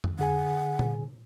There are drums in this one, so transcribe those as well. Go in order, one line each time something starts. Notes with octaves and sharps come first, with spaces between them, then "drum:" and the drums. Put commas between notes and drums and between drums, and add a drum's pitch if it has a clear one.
drum: tom
D3 G#4 F#5 G#5
drum: tom A#2